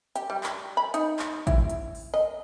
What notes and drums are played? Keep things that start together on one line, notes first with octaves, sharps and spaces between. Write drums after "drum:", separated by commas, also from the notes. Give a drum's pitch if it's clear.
G4, drum: hi-hat
G3
drum: clap
B5
D#4, drum: hi-hat
drum: clap
E4, drum: kick A1, hi-hat
drum: hi-hat
drum: open hi-hat
D#5